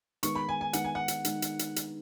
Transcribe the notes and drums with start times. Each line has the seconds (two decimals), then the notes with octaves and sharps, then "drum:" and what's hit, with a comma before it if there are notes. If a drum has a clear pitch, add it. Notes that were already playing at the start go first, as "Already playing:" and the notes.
0.23 D#3 G#3 B3 D#4 C#6, drum: hi-hat
0.35 B5
0.49 G#5
0.61 G#5
0.73 D#3 G#3 B3 D#4 F#5, drum: hi-hat
0.84 G#5
0.95 F#5
1.08 drum: hi-hat
1.25 D#3 G#3, drum: hi-hat
1.42 drum: hi-hat
1.59 drum: hi-hat
1.76 drum: hi-hat